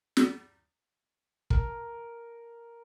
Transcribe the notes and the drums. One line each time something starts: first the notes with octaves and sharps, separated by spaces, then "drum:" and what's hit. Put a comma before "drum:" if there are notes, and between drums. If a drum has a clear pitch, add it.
drum: snare
A#4, drum: kick